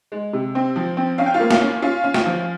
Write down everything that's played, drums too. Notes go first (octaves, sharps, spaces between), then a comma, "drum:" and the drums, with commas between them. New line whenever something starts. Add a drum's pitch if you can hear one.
G#3
C3
C4
F3
C4
C#4 F5
G5
F4 F5
A#3
drum: snare
C#4
C#4 F4 F5
C#4
drum: snare
F3